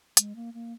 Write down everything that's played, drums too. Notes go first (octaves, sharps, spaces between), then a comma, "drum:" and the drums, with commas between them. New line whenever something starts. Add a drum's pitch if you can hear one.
G#3, drum: hi-hat
A#3
A#3